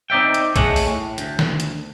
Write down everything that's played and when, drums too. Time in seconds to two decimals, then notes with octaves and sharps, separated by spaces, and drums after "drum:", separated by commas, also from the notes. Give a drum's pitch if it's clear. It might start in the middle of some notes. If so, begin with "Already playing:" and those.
0.10 C4 D#4 D5 E5 G5
0.34 drum: hi-hat
0.56 A3 G#4 C#5 D#5 F#5, drum: kick A#1, hi-hat
0.76 drum: open hi-hat
0.87 A2
1.18 D2, drum: hi-hat
1.39 drum: snare
1.60 drum: hi-hat